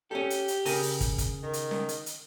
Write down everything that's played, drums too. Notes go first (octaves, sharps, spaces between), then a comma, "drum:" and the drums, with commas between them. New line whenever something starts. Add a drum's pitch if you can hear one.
C#4 G4 A4
drum: hi-hat
drum: hi-hat
C#3 A#4 G#5, drum: open hi-hat
drum: open hi-hat
drum: kick, hi-hat
drum: kick, hi-hat
D#3
drum: hi-hat
drum: snare C#4
drum: hi-hat
drum: hi-hat